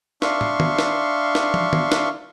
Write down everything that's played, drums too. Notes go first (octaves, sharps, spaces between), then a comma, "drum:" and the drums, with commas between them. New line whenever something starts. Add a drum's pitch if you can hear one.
D4 E5 F5 C6 C#6, drum: snare
drum: tom
drum: tom D#3
drum: snare
drum: snare
drum: tom
drum: tom D#3
drum: snare